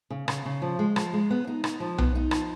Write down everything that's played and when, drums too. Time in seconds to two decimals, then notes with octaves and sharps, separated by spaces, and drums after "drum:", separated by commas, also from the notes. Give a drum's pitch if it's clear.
0.10 C#3
0.28 C#3, drum: rim click
0.45 C#3
0.62 F3
0.79 G#3
0.96 F3, drum: rim click
1.13 G#3
1.30 B3
1.47 D#4
1.64 D#4, drum: rim click
1.80 F3
1.98 B3, drum: tom B1
2.15 D#4
2.31 F3, drum: rim click